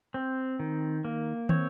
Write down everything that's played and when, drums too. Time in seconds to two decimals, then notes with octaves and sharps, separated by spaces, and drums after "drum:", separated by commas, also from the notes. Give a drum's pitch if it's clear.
0.14 C4
0.60 D#3
1.05 A#3
1.49 C4 C#5, drum: tom